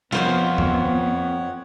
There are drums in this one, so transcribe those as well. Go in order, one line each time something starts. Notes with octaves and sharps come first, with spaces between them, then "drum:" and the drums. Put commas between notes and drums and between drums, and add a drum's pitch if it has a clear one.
F2 B3 F4 C5 C#5 F#5 C6, drum: snare
drum: tom